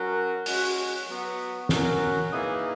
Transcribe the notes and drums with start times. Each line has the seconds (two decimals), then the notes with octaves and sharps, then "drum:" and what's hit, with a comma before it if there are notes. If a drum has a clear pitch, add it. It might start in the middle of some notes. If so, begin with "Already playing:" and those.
Already playing: F#3 C#4 F#4 A#4
0.46 G#3 C#4 F#4, drum: open hi-hat
1.07 F#3 B3 F#4
1.69 F#3 C#4 F#4 A#4, drum: snare
2.31 E3 A#3 D#4 G#4